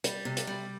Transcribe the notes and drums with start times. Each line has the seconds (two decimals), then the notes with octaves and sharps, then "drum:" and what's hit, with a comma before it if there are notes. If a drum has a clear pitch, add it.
0.04 G3, drum: hi-hat
0.25 C3
0.37 drum: hi-hat
0.47 G3